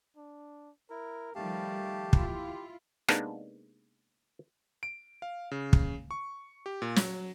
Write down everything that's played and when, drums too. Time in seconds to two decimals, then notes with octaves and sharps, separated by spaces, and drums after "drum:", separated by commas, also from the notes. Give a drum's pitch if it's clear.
0.17 D4
0.90 E4 A#4
1.35 D#3 F3 G3 A3 G4 F5 A5
2.13 E4 F4, drum: kick
3.08 C3 G#3 A#3 B3 D4 D#4, drum: rim click
4.83 D7
5.22 F5
5.51 C#3
5.73 drum: kick
6.11 C#6
6.66 G4
6.82 A#2
6.96 F#3, drum: snare